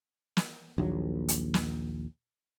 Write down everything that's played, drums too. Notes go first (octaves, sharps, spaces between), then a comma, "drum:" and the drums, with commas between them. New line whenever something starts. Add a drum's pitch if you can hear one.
drum: snare
A#1 D#2 F#3
drum: hi-hat
drum: snare